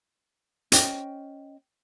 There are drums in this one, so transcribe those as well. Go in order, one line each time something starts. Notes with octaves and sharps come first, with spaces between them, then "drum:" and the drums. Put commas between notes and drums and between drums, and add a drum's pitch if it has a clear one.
C#4 C5 D#5 G5, drum: hi-hat